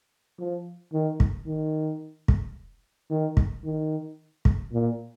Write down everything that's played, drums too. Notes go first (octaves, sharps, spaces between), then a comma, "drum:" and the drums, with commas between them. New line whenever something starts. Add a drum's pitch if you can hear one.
F3
D#3
drum: kick
D#3
drum: kick
D#3
drum: kick
D#3
drum: kick
A#2